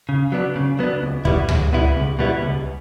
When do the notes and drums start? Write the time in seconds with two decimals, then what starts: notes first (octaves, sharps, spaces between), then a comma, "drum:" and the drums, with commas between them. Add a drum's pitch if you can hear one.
0.09 C#3
0.32 F#3 B3 D4
0.56 C#3
0.79 F#3 B3 D4
1.02 C#2
1.25 B2 G3 B3 E4, drum: kick
1.49 C#2, drum: tom C#2
1.73 B2 G3 B3 E4
1.96 C#2
2.19 B2 G3 B3 E4
2.42 C#2